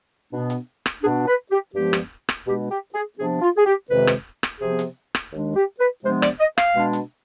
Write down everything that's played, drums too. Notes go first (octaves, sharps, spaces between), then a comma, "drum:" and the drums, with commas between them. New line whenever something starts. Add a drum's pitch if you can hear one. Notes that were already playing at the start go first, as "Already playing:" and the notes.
B2 B3 D4
drum: hi-hat
drum: rim click
B2 B3 D4 G#4
B4
G4
G2 F3 G#3 B3 D4 G4
drum: rim click
drum: rim click
B2 G#3 D4 G4
G4
G#4
C3 F3 B3 D4 G#4
F4
G#4
G4
F2 C3 D#3 G#3 C4 B4
drum: rim click
drum: rim click
C3 F3 B3 G#4
drum: hi-hat
drum: rim click
D#2 D#3 G#3 D4
G4
B4
C3 F3 G#3 B3 D4 C5
D5, drum: rim click
D#5
F5, drum: rim click
B2 G#3 D4
drum: hi-hat